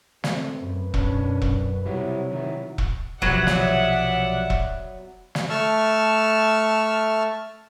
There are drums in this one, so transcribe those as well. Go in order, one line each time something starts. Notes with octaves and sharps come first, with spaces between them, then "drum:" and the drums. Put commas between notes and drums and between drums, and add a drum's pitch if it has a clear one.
A3 C4, drum: snare
F#2 B4
B1 F#2 C#4 D4, drum: kick E1
drum: kick E1
C3 F#3 G3 E4
D#3 E4
drum: kick E1
B1 C3 F3 F#3 B3 D5 E5 F#5, drum: kick E1
drum: snare
drum: kick E1
drum: snare
A3 A5 C#6 E6 F6